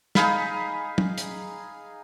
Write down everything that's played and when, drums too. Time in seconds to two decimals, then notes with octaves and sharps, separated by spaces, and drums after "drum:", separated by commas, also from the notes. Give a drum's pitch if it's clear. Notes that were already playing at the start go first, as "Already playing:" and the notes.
0.15 D#4 G#4 F5 B5, drum: snare
0.98 drum: tom
1.18 drum: hi-hat